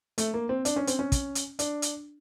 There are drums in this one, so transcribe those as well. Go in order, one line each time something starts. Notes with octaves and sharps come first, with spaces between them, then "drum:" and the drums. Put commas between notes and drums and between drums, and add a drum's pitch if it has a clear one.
A3, drum: hi-hat
A#3
C4
D4, drum: hi-hat
C#4
C4, drum: hi-hat
C#4
drum: kick, hi-hat
drum: hi-hat
D4, drum: hi-hat
drum: hi-hat